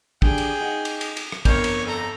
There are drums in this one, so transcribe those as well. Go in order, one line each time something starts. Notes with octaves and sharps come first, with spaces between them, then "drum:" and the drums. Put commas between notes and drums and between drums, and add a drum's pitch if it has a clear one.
D3 D4 G4 G#4 G5, drum: kick
drum: cymbal
D#4 F#5
drum: cymbal
drum: cymbal
drum: cymbal
drum: rim click
G1 F2 A#4 C#5 G6, drum: kick, cymbal
drum: cymbal
A4 A#5